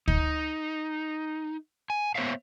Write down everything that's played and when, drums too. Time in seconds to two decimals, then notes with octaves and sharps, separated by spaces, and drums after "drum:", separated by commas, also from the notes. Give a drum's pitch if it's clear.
0.08 D#4, drum: kick
1.90 G#5
2.15 A#3 B3 C5 C#5 E5 F5